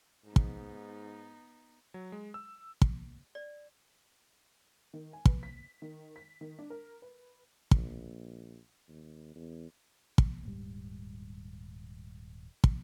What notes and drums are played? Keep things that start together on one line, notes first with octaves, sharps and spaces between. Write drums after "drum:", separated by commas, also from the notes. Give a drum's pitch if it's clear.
G#2 B3 D#4
drum: kick
F#3
G#3
E6
drum: kick
D5
D#3
G#5
B4, drum: kick
B6
D#3
B6
D#3
D4
A#4
B4
A#1, drum: kick
D#2
E2
drum: kick
D#1 G#2 G3
drum: kick